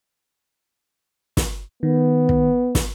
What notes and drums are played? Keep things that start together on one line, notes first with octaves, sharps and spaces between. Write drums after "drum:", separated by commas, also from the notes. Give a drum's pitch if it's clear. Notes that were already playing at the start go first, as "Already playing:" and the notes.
drum: snare
D#3 B3
drum: kick
drum: snare